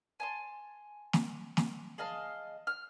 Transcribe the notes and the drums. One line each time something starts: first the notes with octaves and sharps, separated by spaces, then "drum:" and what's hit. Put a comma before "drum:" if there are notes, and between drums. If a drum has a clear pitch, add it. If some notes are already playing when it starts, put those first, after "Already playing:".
G#5 A5 C6
drum: snare
drum: snare
G#4 D#5 F5 A5
F6